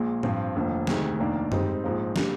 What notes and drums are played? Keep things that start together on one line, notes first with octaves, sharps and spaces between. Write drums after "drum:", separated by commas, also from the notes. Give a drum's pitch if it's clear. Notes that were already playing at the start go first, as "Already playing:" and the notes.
Already playing: A#1 A#2 G#3
G2 F3 C4, drum: tom A2
F1 D#2 D3 F3
D2 C3 D#3 G#3, drum: snare
F1 D#2 D#3 A#3 D4
G#2 G3 C4 D#4, drum: tom F#2
A#1 G#2 F3
D3 G3 A#3, drum: snare